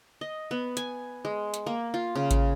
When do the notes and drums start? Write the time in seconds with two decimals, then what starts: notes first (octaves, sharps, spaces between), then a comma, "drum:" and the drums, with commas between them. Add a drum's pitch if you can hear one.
0.21 D#5
0.51 B3
0.77 G#5, drum: hi-hat
1.25 G#3
1.54 drum: hi-hat
1.66 A#3
1.94 F4
2.15 C#3
2.31 drum: kick A1, hi-hat